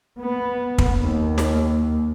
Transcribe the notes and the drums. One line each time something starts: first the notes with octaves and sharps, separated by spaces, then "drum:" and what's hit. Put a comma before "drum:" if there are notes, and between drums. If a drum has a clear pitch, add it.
B3
drum: kick
D#2
drum: snare